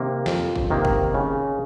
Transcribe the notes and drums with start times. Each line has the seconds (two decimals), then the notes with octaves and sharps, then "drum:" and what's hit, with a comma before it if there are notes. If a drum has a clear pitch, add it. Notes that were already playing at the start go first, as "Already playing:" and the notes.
Already playing: C3 D#3 A#3
0.26 F2, drum: snare
0.56 drum: kick
0.70 C3 D#3 A#3
0.85 drum: kick
1.14 C#3